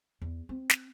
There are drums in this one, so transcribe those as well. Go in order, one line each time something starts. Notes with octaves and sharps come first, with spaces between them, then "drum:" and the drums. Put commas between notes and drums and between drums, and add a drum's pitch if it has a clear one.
E2
C4
drum: snare